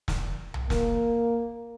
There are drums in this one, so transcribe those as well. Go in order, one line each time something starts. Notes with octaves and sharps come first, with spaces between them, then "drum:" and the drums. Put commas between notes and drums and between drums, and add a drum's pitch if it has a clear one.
drum: snare
drum: tom B1
A#3, drum: snare